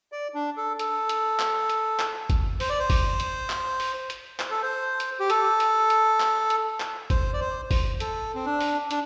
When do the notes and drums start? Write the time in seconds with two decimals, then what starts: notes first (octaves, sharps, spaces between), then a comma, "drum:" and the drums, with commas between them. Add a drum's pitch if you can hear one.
0.12 D5
0.34 D4
0.57 A4
0.79 A4, drum: hi-hat
1.09 drum: hi-hat
1.39 drum: clap
1.69 drum: hi-hat
2.00 drum: clap
2.30 drum: kick, hi-hat
2.60 C5, drum: open hi-hat
2.69 D5
2.79 C5
2.90 drum: kick, open hi-hat
3.20 drum: hi-hat
3.50 drum: clap
3.80 drum: open hi-hat
4.10 drum: hi-hat
4.40 C5, drum: clap
4.51 A4
4.62 C5
5.00 drum: hi-hat
5.20 G4
5.30 A4, drum: hi-hat
5.60 drum: hi-hat
5.90 drum: hi-hat
6.20 drum: clap
6.50 drum: hi-hat
6.80 drum: clap
7.10 C5, drum: kick, hi-hat
7.34 D5
7.40 C5
7.71 C5, drum: kick, open hi-hat
8.00 A4, drum: hi-hat
8.35 C4
8.46 D4
8.61 drum: open hi-hat
8.91 D4, drum: hi-hat